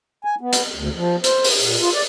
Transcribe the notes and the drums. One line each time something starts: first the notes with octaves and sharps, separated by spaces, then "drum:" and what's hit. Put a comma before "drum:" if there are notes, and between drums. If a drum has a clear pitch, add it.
G#5
B3
drum: hi-hat
D2
F3
C5, drum: hi-hat
drum: open hi-hat
A#2
F4
D5